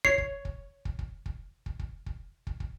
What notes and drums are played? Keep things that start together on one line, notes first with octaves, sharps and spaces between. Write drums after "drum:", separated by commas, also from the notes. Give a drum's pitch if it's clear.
C#5 C7, drum: kick
drum: kick
drum: kick
drum: kick
drum: kick
drum: kick
drum: kick
drum: kick
drum: kick
drum: kick
drum: kick